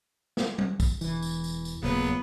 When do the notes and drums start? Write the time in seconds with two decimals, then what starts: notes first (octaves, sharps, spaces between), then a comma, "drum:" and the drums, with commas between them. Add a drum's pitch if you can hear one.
0.37 drum: snare
0.58 drum: tom F#3
0.80 drum: kick, tambourine
1.01 E1 E3, drum: tambourine
1.23 drum: tambourine
1.44 drum: tambourine
1.65 drum: tambourine
1.82 D#1 A#2 C#3 F#3 B3 B4